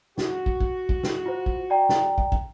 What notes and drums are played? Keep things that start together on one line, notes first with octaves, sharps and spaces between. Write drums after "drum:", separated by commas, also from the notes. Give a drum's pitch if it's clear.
F#4, drum: snare
drum: kick
drum: kick
drum: kick
drum: snare
F4 C5
drum: kick
D5 G5 A#5
drum: snare
drum: kick
drum: kick